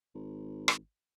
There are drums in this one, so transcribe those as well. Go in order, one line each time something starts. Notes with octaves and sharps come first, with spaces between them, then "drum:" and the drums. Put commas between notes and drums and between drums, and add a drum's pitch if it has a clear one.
G#1
drum: rim click